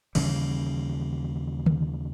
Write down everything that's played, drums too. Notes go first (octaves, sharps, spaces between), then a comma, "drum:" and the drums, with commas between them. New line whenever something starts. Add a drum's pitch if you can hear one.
D#2 C#3 E3 G3, drum: cymbal
drum: tom D3